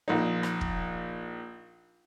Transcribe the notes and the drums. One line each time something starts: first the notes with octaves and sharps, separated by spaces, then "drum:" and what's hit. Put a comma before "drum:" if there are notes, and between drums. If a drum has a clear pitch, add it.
A#1 D#4
drum: rim click
drum: kick